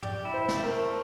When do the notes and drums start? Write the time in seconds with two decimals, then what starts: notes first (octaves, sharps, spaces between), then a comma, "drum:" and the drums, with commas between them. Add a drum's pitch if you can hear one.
0.03 G4 D5, drum: tom
0.25 E4
0.34 C5
0.48 A3, drum: snare
0.64 A#4
0.72 A3